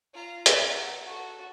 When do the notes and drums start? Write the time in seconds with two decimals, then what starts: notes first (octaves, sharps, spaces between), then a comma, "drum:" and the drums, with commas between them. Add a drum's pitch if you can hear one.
0.13 F4 A#5
0.46 drum: hi-hat
0.64 F#5
1.05 F#4 A4